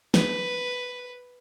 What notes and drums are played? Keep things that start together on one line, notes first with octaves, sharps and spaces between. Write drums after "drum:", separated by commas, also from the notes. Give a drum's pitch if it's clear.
B4, drum: snare